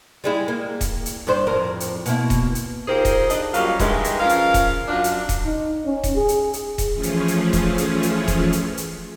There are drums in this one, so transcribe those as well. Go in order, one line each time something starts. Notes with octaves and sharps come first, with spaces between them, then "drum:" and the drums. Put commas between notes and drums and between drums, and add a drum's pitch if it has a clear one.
G3 G#3 E4
A#3
drum: kick D#1, hi-hat
drum: hi-hat
G2 D4 C5
F2 A2 A#4
drum: hi-hat
B2 A#3 E4, drum: hi-hat
drum: kick D#1, hi-hat
drum: hi-hat
D#4 F4 G4 G#4 A#4 C5
drum: kick D#1, hi-hat
D4 D#4 D#5, drum: hi-hat
F#3 G3 A#3 C#4 F4, drum: hi-hat
G2 D#3 E3 G#3, drum: kick D#1, hi-hat
drum: hi-hat
F3 C#4 A#4 F5
drum: hi-hat
drum: kick D#1, hi-hat
F#2 D4 F4
drum: hi-hat
drum: kick D#1, hi-hat
D#4
C#4
drum: kick D#1, hi-hat
G#4
drum: hi-hat
drum: hi-hat
drum: kick D#1, hi-hat
E3 F3 A3 C#4 F4 G#4
drum: hi-hat
drum: hi-hat
drum: kick D#1, hi-hat
drum: hi-hat
drum: hi-hat
drum: kick D#1, hi-hat
drum: hi-hat
drum: hi-hat